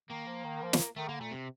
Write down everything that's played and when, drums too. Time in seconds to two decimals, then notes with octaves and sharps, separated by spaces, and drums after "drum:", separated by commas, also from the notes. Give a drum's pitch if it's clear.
0.09 D#3 A#3
0.26 F3
0.44 D#3
0.63 F3
0.73 drum: snare
0.97 D#3 A3
1.08 D3 A#3
1.21 A#2 A3
1.31 C3